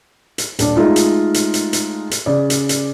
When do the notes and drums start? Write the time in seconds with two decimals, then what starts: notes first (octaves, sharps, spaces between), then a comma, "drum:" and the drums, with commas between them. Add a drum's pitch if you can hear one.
0.38 drum: hi-hat
0.59 D#1 D4 D5, drum: hi-hat
0.77 G#3 A3 D#4 F4
0.96 drum: hi-hat
1.34 drum: hi-hat
1.54 drum: hi-hat
1.73 drum: hi-hat
2.11 drum: hi-hat
2.26 C#3 D5
2.50 drum: hi-hat
2.69 drum: hi-hat